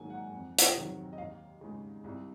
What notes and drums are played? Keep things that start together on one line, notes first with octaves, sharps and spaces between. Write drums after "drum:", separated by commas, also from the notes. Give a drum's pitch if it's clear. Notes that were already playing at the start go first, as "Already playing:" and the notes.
Already playing: G#2 D#3 F#3 A#3 A#4 G#5
F#5
F2
drum: hi-hat
C3 D#3 F#3
D#5
D#2 F5
C#3 G#3
C2